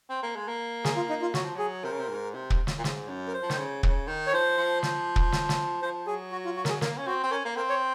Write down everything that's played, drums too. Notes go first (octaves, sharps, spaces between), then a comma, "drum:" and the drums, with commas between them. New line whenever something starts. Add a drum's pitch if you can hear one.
C4
A#3
G#3
A#3
G#4, drum: snare
F4
D#4
F4
F#3 F#4, drum: snare
F3
F#3 G#4
C3 A#4
C#3
C3
G#2
C3
drum: kick
drum: snare
A#2
G#2, drum: snare
F#2
A#4
C5
F3
D#3, drum: snare
C#3
C#3, drum: kick
D#3
C#5
F3 C5
F3
drum: snare
drum: kick
drum: snare
drum: snare
F3 C5
F#3 G#4
F#4
F4
F#4
A#4, drum: snare
G#4
A#3 A#4, drum: snare
C#4
C4 F#4
C4
C#4 A#4
A#3
C4 A#4
C#5